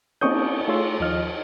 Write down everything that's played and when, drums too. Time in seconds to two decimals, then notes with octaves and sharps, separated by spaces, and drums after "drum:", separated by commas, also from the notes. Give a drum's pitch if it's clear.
0.21 A#3 C4 C#4 C#6 D#6 G6, drum: cymbal
0.68 A3 F4 G#4 C#5 C6 E6
1.00 D#2 F3 F4 D#5 F6